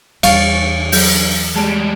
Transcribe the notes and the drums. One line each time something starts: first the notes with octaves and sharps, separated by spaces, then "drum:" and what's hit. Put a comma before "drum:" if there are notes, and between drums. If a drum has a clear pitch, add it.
E2 G3 F5 C#6 A6, drum: cymbal
F#3 G6, drum: open hi-hat
G3 G#3 A5 D7